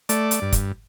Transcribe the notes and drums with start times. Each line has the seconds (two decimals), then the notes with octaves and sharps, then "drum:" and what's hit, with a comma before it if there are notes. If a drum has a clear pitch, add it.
0.09 A3 D5, drum: hi-hat
0.31 drum: hi-hat
0.42 G2
0.52 drum: kick, hi-hat